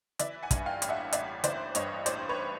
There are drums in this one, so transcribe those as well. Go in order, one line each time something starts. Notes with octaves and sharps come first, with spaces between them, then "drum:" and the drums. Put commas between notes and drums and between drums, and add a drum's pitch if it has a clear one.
E3 D5 E5, drum: hi-hat
F#5 G#5
G2, drum: kick, hi-hat
F5 G5
A1, drum: hi-hat
E5 F#5
A1 D5 E5, drum: hi-hat
E3 C5 D5, drum: hi-hat
G2 C#5 D#5, drum: hi-hat
A1 C5 D5, drum: hi-hat
B4 C#5